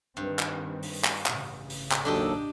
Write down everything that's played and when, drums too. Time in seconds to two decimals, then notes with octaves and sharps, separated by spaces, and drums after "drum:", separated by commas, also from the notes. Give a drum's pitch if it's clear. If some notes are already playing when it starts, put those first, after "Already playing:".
0.17 G2 D#3 G3 C4
0.39 drum: clap
0.83 drum: open hi-hat
1.04 drum: clap
1.26 A1 C#3, drum: clap
1.70 drum: open hi-hat
1.92 drum: clap
2.05 D#2 F#3 D4 G4 A4 D#5